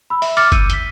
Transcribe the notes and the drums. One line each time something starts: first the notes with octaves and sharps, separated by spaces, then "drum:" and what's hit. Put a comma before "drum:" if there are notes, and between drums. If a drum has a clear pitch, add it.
B5 E6
E5, drum: open hi-hat
D6 F6 A6 C#7 F#7, drum: open hi-hat
E6 G6 C#7 D#7, drum: kick F#1, hi-hat
B6 G7, drum: hi-hat